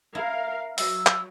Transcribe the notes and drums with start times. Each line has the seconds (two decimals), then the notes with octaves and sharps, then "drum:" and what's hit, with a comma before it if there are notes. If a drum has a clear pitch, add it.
0.15 E4 A#4 F5
0.78 F#3 E6, drum: open hi-hat
1.06 drum: clap